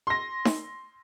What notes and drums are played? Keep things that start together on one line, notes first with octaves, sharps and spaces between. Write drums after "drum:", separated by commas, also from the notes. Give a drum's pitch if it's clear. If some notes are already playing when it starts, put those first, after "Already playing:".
C6 A#6
drum: snare D#4